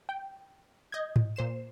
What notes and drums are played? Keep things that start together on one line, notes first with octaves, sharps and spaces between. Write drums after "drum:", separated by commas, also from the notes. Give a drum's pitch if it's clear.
G5
D#5 G6 G#6
drum: tom G#2
A#2 C5 C7 E7